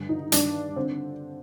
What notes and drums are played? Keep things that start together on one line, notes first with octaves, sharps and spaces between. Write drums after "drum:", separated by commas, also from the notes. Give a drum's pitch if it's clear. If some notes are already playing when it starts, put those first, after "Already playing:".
Already playing: G2 D3
D#4
G2 D#3 D4, drum: hi-hat
D3 C4